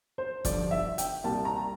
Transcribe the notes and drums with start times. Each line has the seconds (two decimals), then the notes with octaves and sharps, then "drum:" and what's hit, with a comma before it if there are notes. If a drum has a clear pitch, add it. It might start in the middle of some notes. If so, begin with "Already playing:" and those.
0.18 C5
0.45 G2 D3 F3 D5, drum: kick E1, hi-hat
0.71 E5
0.98 G5, drum: hi-hat
1.24 C2 A#2 G3 A5
1.45 A#5